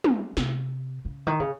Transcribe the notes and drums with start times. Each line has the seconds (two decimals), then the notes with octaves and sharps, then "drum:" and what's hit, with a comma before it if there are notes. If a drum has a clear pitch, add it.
0.04 drum: tom
0.37 C3, drum: snare
1.05 C#3
1.27 D#3
1.40 C#3